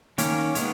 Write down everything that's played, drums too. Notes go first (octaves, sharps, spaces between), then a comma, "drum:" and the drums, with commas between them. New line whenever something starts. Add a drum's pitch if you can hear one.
D#3 A#3 C#4 C#5, drum: hi-hat
D#3 G#3 B3 C#5, drum: hi-hat